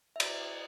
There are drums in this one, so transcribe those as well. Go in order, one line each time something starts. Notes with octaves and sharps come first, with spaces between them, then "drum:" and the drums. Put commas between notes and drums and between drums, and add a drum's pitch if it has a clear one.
E5
D5, drum: cymbal